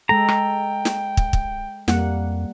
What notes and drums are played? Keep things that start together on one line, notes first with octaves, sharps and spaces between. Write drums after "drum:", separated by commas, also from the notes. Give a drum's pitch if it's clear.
G#3 A4 G5 A#5
drum: rim click
drum: snare
drum: kick
drum: kick
F2 G3 A#3 F#5, drum: snare